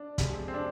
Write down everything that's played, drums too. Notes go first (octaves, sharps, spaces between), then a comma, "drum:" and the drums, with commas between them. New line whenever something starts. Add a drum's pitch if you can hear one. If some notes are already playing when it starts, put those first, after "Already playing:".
Already playing: D4
F2 C3 G#3, drum: kick, hi-hat
C4
D4